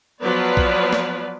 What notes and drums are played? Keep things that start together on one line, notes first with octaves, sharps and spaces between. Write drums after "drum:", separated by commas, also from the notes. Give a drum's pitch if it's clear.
F3 F#3 B3 B4 D5
drum: kick A#1
drum: snare